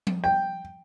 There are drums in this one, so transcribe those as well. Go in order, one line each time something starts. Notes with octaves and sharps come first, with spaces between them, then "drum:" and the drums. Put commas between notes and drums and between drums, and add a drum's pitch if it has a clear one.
drum: tom F3
G5